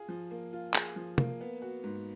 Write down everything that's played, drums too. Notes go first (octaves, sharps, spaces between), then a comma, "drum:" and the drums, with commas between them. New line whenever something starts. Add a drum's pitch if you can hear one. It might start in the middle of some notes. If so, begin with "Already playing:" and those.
Already playing: F4 G#4
F3
A#3
F4
G#4, drum: clap
F3
A#3, drum: tom
B3
F#4
G#2